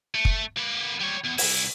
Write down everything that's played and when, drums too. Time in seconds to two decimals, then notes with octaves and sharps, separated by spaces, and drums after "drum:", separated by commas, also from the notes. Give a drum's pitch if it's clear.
0.14 A3
0.25 drum: kick
0.57 A#3 B4
1.00 G3 C#5
1.24 E2
1.38 C2 E4, drum: open hi-hat